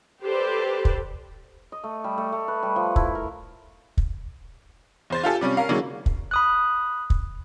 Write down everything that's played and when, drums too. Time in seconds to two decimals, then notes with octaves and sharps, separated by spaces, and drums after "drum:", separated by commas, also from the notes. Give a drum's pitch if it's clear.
0.22 G4 A4 B4 C5 D5
0.85 drum: kick
1.72 D#5
1.84 A3
2.04 G3
2.18 A3
2.32 A3
2.48 B4
2.63 G3
2.76 F3
2.96 E4, drum: kick
3.15 A#4
3.97 drum: kick
5.10 E2 C5 A6
5.23 F4 G4 A4 G#5
5.41 C3 G3 C#4
5.57 C#4 A#4 F5
5.69 D3 F#3 G#3 A#3 C#4 E4
6.06 drum: kick
6.31 B5 D#6 F#6
7.10 drum: kick